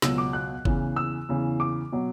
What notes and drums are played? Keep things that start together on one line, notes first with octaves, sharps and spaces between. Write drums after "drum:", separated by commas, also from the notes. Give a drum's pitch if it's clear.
C#2 B2 F#3 E6, drum: snare
D6
F#6
E2 C#3 E3, drum: kick G1
E6
E2 C#3 E3
D6
B2 F#3